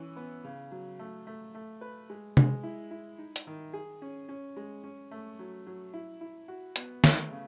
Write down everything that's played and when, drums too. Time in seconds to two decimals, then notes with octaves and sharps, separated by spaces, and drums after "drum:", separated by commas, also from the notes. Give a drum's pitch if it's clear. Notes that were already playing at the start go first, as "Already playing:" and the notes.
Already playing: E3 C#4
0.16 B3
0.44 C#3
0.71 F#3
0.99 A3
1.27 A3
1.55 A3
1.81 B4
2.10 G#3
2.37 G#3, drum: tom C3
2.63 E4
2.91 E4
3.18 D#4
3.36 drum: hi-hat
3.47 D#3
3.73 G#4
4.02 C#4
4.29 C#4
4.57 G#3
4.84 C#4
5.11 A3
5.39 F#3
5.67 F#3
5.94 E4
6.21 E4
6.48 F#4
6.76 B3, drum: hi-hat
7.04 A3, drum: snare
7.31 C#3